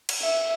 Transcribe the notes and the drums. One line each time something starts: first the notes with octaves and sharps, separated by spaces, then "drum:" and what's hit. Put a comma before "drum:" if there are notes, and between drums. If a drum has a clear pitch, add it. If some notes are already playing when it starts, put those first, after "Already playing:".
drum: cymbal
E5